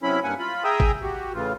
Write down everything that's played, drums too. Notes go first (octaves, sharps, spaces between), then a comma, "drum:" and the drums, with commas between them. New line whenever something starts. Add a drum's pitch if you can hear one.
C3 F#3 C#4 E4 B5
G2 A#3 F#5 G#5
F4 B5
G#4 E5 G5 A#5 D#6
drum: kick G#1
F#4 G4
A2 C#3 E3 F4